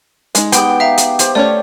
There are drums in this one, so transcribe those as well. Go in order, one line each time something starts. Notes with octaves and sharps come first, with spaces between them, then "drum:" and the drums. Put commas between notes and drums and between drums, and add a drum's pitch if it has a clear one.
G#3 D#4, drum: hi-hat
B3 G4 G5 D#6, drum: hi-hat
E5 F5 A#5
drum: hi-hat
G4 C5, drum: hi-hat
A3 C#4 C#5 D5